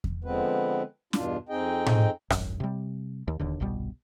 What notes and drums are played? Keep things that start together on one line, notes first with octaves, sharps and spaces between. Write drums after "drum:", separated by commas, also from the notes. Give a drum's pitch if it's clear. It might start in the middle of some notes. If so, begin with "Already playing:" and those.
drum: kick E2
D3 F3 G#3 B3 C4 B4
E2 G2 B2 D4 F4, drum: snare
F2 C4 D#4 G#4 D#5 G5
drum: tom A2
D1 G#1 F#2, drum: rim click
C3 G3
D#2
D1 D#2 D3
G1 C2 B2 G3